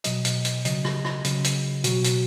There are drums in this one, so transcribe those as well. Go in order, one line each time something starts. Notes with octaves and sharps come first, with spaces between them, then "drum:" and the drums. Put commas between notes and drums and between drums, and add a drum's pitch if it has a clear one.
B2 F#3 D#5, drum: hi-hat
drum: hi-hat
drum: hi-hat
C#3 F#3 D#5, drum: hi-hat
drum: rim click
drum: rim click
C#3 F#3, drum: hi-hat
drum: hi-hat
B2 F#3 F#4, drum: hi-hat
drum: hi-hat